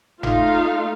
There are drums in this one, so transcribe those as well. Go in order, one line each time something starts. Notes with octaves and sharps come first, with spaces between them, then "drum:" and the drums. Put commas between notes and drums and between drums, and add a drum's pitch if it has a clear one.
A3 D#4 F4 F5, drum: tom G1